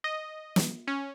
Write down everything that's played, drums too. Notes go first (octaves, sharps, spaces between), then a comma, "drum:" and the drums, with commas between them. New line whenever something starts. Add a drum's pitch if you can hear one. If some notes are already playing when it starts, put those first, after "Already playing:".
D#5
drum: snare
C#4